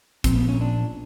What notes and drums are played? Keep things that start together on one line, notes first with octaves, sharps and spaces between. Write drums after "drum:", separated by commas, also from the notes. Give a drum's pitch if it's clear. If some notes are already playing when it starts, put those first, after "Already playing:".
A#2 F3 C4, drum: kick, hi-hat
B3
C#4
D4